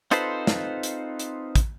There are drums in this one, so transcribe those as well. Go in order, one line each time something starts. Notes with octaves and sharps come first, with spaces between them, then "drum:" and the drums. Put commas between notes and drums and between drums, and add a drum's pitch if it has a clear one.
C4 D#4 F4 A4 B4 C5, drum: hi-hat
drum: snare
drum: hi-hat
drum: hi-hat
drum: kick, hi-hat